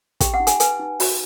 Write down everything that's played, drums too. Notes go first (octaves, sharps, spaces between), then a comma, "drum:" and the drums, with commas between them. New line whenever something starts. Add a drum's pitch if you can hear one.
G4 G5, drum: kick, hi-hat
F#5
D#4
G#5, drum: hi-hat
B4 G#5, drum: hi-hat
D#4
F#4, drum: open hi-hat